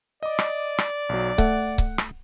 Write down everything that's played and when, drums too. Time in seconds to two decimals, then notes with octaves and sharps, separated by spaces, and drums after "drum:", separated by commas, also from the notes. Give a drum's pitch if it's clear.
0.23 D5 D#5 D6
0.39 drum: rim click
0.78 drum: rim click
1.09 B1 F#3
1.38 A3 F#5, drum: kick C#1
1.78 drum: kick C#1
1.98 drum: rim click